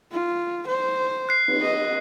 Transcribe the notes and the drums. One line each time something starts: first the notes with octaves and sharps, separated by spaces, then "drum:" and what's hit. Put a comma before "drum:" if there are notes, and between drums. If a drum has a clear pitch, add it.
F4
C5
F#6 C7
drum: cymbal
D#5